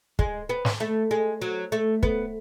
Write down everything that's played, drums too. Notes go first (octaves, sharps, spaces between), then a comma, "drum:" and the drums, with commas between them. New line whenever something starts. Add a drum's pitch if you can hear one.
G#3, drum: kick
B3
drum: snare
A3
G#3
F#3
A3
B3, drum: kick